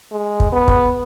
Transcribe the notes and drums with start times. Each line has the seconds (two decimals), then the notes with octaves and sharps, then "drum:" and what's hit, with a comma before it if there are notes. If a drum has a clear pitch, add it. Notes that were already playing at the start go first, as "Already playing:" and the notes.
0.12 G#3
0.40 drum: kick
0.52 B3
0.68 drum: kick